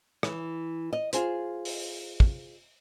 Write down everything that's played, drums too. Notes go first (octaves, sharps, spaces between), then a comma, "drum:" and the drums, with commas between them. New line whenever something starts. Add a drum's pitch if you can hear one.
E3, drum: rim click
D#5
F4 G#4 C5, drum: hi-hat
drum: open hi-hat
drum: kick